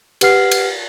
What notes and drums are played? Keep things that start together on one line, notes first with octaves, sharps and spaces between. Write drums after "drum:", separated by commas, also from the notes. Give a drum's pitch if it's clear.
G4 B4 F#5 F6 C7, drum: cymbal
drum: cymbal